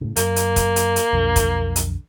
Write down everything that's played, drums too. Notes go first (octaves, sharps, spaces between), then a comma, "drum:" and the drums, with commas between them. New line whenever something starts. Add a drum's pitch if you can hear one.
A2 C#3
F#2 A#3, drum: hi-hat
drum: hi-hat
drum: kick, hi-hat
drum: hi-hat
drum: hi-hat
B1 F2 D3
drum: kick, hi-hat
drum: hi-hat